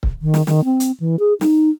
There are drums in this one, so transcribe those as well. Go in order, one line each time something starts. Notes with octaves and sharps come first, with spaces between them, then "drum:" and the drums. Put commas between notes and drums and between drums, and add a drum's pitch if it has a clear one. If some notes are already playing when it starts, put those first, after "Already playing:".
drum: kick C#1
D#3
drum: snare
D#3, drum: snare
C4
drum: hi-hat
E3
G#4
D#4, drum: snare